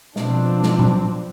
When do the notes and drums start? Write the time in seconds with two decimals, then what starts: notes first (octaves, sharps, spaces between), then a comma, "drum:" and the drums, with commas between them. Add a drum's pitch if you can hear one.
0.16 B2 F3 C4 D4, drum: snare
0.63 drum: snare
0.79 drum: tom A#2